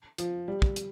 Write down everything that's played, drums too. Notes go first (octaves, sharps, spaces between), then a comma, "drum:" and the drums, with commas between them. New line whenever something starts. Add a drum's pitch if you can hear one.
F3, drum: hi-hat
G3
drum: kick
drum: hi-hat